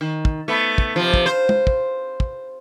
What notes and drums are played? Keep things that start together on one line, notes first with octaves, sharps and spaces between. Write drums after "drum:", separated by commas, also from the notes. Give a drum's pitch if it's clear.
D#3
drum: kick
A3 B3
drum: kick
C3 F3
drum: kick
C5
drum: tom
drum: kick
drum: kick